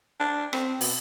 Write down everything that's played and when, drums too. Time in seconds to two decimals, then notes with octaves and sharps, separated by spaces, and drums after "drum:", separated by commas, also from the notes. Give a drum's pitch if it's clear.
0.20 D4
0.53 C4, drum: rim click
0.81 B2, drum: open hi-hat